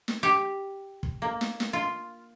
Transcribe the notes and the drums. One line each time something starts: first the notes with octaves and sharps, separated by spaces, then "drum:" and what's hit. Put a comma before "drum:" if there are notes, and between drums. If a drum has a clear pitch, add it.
drum: snare
G4
drum: kick
A#3
drum: snare
drum: snare
F4